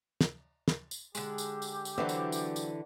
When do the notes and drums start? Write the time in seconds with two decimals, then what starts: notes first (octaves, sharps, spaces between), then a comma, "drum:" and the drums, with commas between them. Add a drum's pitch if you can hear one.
0.21 drum: snare
0.68 drum: snare
0.91 drum: tambourine
1.15 D3 G#3 G4, drum: tambourine
1.38 drum: tambourine
1.62 drum: tambourine
1.85 drum: tambourine
1.98 D3 E3 F#3 D4 C5 E5
2.09 drum: tambourine
2.32 drum: tambourine
2.56 drum: tambourine